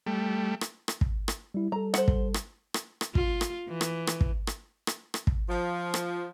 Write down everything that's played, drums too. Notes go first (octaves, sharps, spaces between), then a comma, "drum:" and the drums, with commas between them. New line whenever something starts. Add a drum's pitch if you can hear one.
G3 A3
drum: rim click
drum: rim click
drum: kick
drum: rim click
G3 E4
G3 A4 A#5
C5 F#5, drum: rim click
drum: kick
drum: rim click
drum: rim click
drum: rim click
F4, drum: kick
drum: rim click
E3
drum: rim click
drum: rim click
drum: kick
drum: rim click
drum: rim click
drum: rim click
drum: kick
F3
drum: rim click